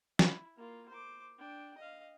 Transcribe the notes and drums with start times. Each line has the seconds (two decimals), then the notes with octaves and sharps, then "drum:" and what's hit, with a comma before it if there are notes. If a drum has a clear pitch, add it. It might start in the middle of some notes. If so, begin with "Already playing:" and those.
0.19 E4, drum: snare
0.57 A#3 F4
0.89 C5 D6
1.38 D4 G5
1.78 D#5 F5